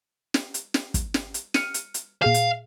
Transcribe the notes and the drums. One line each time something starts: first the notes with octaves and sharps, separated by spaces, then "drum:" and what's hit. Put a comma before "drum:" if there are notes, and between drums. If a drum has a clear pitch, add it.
drum: snare
drum: hi-hat
drum: snare
drum: kick, hi-hat
drum: snare
drum: hi-hat
F6 C#7 D#7, drum: snare
drum: hi-hat
drum: hi-hat
A#2 G#4 F5 C7
drum: hi-hat